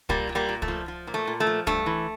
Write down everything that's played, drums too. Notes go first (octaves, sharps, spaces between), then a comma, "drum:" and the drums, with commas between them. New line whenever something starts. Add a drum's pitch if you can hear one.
A#2 G3 A#3, drum: kick
A#2
G3 A#3
A#2
A3, drum: kick
F3
F3
A#2
A3
A#2
A3
F3
G2 A3, drum: kick
E3